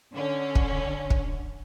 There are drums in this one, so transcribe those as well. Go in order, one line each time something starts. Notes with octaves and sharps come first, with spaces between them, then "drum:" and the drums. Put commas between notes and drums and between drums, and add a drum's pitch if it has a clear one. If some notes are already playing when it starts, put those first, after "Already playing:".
D3 C#4
drum: kick
drum: kick